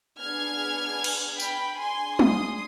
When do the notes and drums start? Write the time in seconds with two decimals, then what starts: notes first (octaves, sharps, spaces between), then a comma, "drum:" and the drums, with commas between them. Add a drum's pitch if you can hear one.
0.20 B3 D4 G#4 F6 G#6
1.04 drum: cymbal
1.40 G5 B5, drum: tambourine
1.79 D4 G#4 G#5 C6
2.19 C6 D#6, drum: tom